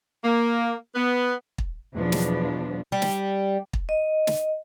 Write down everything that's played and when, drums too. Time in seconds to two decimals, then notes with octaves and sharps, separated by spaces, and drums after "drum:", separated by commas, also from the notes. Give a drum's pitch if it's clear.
0.24 A#3
0.95 B3
1.58 drum: kick
1.94 E2 B2 F3 F#3 B3 D4
2.12 drum: snare
2.92 G3
3.02 drum: snare
3.73 drum: kick
3.89 D#5
4.27 drum: snare